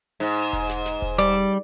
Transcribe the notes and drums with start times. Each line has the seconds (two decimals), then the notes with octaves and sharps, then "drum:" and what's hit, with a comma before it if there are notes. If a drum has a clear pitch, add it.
0.20 G#2
0.53 drum: kick E1, hi-hat
0.69 drum: snare
0.86 drum: snare
1.02 drum: kick E1, hi-hat
1.18 G3 D5, drum: hi-hat
1.35 drum: hi-hat